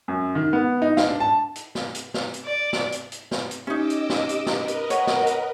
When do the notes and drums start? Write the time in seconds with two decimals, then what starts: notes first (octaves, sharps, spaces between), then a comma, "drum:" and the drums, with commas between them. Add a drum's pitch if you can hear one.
0.08 F#2
0.35 D#3
0.53 B3
0.82 D#4
0.97 F5, drum: snare
1.09 D4
1.20 A5
1.56 drum: hi-hat
1.75 drum: snare
1.95 drum: hi-hat
2.14 drum: snare
2.34 drum: hi-hat
2.44 D5
2.73 drum: snare
2.92 drum: hi-hat
3.12 drum: hi-hat
3.31 drum: snare
3.51 drum: hi-hat
3.67 C#4 D#4 G4 D#5 D6 E6
3.90 drum: hi-hat
4.09 drum: snare
4.29 drum: hi-hat
4.46 A#4 B4 D#5, drum: snare
4.68 drum: hi-hat
4.90 C#5 F#5, drum: hi-hat
5.07 drum: snare
5.27 drum: hi-hat